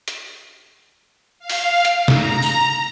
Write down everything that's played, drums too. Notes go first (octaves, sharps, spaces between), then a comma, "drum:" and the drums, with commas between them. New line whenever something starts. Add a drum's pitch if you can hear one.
drum: hi-hat
F5
drum: open hi-hat
drum: hi-hat
A#5, drum: snare
drum: tambourine